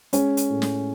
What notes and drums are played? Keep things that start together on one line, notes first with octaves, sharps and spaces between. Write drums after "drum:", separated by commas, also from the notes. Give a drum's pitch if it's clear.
G#3 C#4 C#5, drum: hi-hat
drum: hi-hat
A2
drum: snare